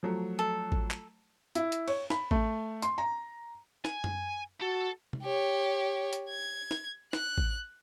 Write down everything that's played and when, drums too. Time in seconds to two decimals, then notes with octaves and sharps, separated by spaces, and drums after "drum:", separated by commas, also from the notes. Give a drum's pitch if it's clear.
0.03 F3 F#3 A3
0.39 A4
0.72 drum: kick A1
0.91 drum: clap
1.55 E4, drum: hi-hat
1.72 drum: hi-hat
1.88 C#5, drum: cymbal
2.10 B5, drum: snare
2.31 A3, drum: kick A1
2.82 C6, drum: hi-hat
2.98 A#5
3.85 G#5, drum: snare
4.04 drum: tom F#2
4.62 F#4 A4
5.13 drum: tom C3
5.23 G4 C#5
6.13 drum: hi-hat
6.30 G#6
6.71 drum: snare
7.13 F#6, drum: snare
7.38 drum: kick A1